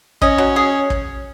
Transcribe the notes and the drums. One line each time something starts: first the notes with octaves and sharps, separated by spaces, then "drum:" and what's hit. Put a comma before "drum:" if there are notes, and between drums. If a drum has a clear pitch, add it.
C#4 D#5, drum: kick
F#3
G#4
drum: kick